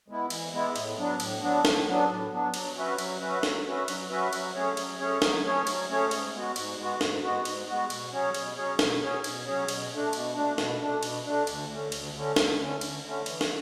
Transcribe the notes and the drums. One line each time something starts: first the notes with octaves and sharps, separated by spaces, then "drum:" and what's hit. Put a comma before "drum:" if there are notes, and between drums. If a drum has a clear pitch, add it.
G#3 B3 E4
E3, drum: cymbal
G#3 B3 E4
A2, drum: cymbal
F#3 B3 D4
A2, drum: cymbal
F#3 B3 D4
A2, drum: snare
F#3 B3 D4
A2
F#3 B3 D4
F#3, drum: cymbal
C#4 F#4 B4 E5
F#3, drum: cymbal
C#4 F#4 B4 E5
F#3, drum: snare
C#4 F#4 B4 E5
F#3, drum: cymbal
C#4 F#4 B4 E5
F#3, drum: cymbal
A3 C#4 G#4 C#5
F#3, drum: cymbal
A3 C#4 G#4 C#5
F#3, drum: snare
A3 C#4 G#4 C#5
F#3, drum: cymbal
A3 C#4 G#4 C#5
G#2, drum: cymbal
G#3 B3 F#4
G#2, drum: cymbal
G#3 B3 F#4
G#2, drum: snare
G#3 B3 F#4
G#2, drum: cymbal
G#3 B3 F#4
B2, drum: cymbal
F#3 C#4 G#4 C#5
B2, drum: cymbal
F#3 C#4 G#4 C#5
B2, drum: snare
F#3 C#4 G#4 C#5
B2, drum: cymbal
F#3 C#4 G#4 C#5
B2, drum: cymbal
A3 D4
B2, drum: cymbal
A3 D4
B2, drum: snare
A3 D4
B2, drum: cymbal
A3 D4
D2, drum: cymbal
D3 A3 C#4
D2, drum: cymbal
D3 A3 C#4
D2, drum: snare
D3 A3 C#4
D2, drum: cymbal
D3 A3 C#4
E3, drum: cymbal
drum: snare